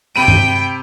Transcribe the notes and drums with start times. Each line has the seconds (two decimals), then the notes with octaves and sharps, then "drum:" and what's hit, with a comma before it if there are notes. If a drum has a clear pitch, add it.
0.16 C3 G5 B5 D#7
0.28 drum: tom G2